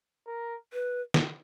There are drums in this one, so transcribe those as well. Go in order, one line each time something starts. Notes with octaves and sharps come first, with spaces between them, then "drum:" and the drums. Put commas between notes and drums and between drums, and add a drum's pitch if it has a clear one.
A#4
B4
drum: snare